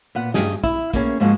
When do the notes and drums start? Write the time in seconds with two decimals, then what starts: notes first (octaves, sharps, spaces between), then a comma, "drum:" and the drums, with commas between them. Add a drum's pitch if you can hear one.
0.15 A#2 B3 F#5
0.34 D2 G2 G4 G#4 D#5, drum: snare F#4
0.64 E4, drum: kick
0.94 A#3 B3 C#4 G#4 G#5, drum: kick, hi-hat
1.20 G#2 F3 G#3 A#3 F#4 G#4